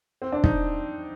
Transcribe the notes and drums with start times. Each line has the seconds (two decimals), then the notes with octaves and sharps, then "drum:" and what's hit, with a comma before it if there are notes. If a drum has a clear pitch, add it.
0.22 C4
0.32 D4
0.44 D#4, drum: kick